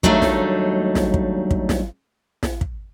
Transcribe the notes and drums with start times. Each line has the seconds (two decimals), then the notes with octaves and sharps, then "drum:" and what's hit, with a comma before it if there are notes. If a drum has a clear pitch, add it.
0.03 D#2 F#3 G3 A3 D4 D#4, drum: kick
0.22 drum: snare
0.95 drum: snare
1.14 drum: kick
1.51 drum: kick
1.69 drum: snare
2.43 drum: snare
2.61 drum: kick